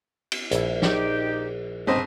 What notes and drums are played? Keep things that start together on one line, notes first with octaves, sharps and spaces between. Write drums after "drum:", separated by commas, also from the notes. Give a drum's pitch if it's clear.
drum: cymbal
A#1 E4, drum: hi-hat
D#4 G4, drum: snare
G1 G#3 C4 G4 C5 D#5